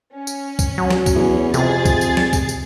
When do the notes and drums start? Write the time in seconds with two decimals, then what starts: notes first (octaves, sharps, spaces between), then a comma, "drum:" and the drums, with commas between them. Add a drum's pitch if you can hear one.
0.14 C#4
0.27 drum: tambourine
0.59 drum: kick, tambourine
0.78 F#3
0.90 drum: snare
1.06 drum: kick, tambourine
1.16 E2
1.54 F2 C3 G#4 A6, drum: tambourine
1.85 drum: kick, tambourine
2.01 drum: tambourine
2.17 drum: snare
2.33 drum: kick, tambourine
2.49 drum: tambourine